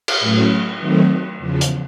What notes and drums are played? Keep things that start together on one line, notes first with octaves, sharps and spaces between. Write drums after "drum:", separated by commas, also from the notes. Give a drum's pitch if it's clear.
drum: cymbal
A2 F#3 A3 C#4
D#3 F#3 A3 C4
E2 C#3 F3
drum: hi-hat